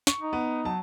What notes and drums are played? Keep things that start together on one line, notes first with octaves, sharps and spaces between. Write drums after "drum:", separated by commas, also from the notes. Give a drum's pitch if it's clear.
C#6, drum: snare
D#4
B3
F#3 A5